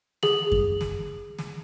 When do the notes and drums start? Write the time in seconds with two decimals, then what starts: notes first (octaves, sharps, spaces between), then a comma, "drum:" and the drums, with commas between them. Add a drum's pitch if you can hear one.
0.23 G#4 F#7, drum: snare
0.52 drum: kick F#2
0.81 drum: snare
1.38 drum: snare